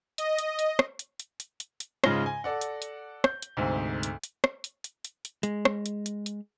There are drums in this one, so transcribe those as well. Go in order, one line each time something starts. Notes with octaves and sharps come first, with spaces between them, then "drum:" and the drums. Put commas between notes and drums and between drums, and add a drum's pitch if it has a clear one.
D#5, drum: hi-hat
drum: hi-hat
drum: hi-hat
drum: rim click
drum: hi-hat
drum: hi-hat
drum: hi-hat
drum: hi-hat
drum: hi-hat
G#2 C#3 G#3 F4 A#6 G7, drum: rim click
G#5
A4 D5 F#5
drum: hi-hat
drum: hi-hat
G6, drum: rim click
drum: hi-hat
D2 G#2 C3
drum: hi-hat
drum: hi-hat
drum: rim click
drum: hi-hat
drum: hi-hat
drum: hi-hat
drum: hi-hat
G#3, drum: hi-hat
drum: rim click
drum: hi-hat
drum: hi-hat
drum: hi-hat